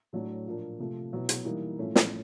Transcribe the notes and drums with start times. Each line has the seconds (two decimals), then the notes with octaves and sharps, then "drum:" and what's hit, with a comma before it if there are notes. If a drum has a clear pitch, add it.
0.13 A2 F#3 A3 D4
0.46 A#2 F3 A#3 D4
0.79 C3 F3 A3
1.12 B2 F#3 B3 E4
1.29 drum: hi-hat
1.45 E3 G3 A#3 D#4
1.78 A2 F3 A3 C#4 E4
1.95 drum: snare